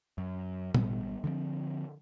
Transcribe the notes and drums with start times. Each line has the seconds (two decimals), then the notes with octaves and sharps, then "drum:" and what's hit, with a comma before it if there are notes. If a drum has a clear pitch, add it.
0.18 F#2
0.74 G#1 G3 B3, drum: tom A#2
1.24 D3 F3 A3 C4